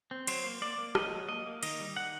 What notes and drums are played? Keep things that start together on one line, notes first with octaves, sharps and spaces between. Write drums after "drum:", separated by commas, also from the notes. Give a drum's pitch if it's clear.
C4
F#3 C5, drum: cymbal
A#3
A#3 D5
A#3
F#3 D#5, drum: rim click
F#3
A#3 D#5
A#3
D#3 D#5, drum: cymbal
G3
D#3 F#5